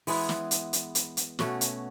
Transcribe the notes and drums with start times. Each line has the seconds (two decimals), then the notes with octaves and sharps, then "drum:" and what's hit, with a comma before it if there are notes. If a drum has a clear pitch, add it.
0.07 E3 G#3 B3 E4, drum: open hi-hat
0.29 drum: snare
0.51 drum: hi-hat
0.73 drum: hi-hat
0.95 drum: hi-hat
1.17 drum: hi-hat
1.39 B2 A3 C#4 F#4, drum: snare
1.61 drum: hi-hat